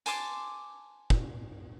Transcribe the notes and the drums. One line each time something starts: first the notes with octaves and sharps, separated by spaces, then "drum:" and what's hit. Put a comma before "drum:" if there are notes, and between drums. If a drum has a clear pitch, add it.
G#5 A5 C6 D6, drum: hi-hat
drum: kick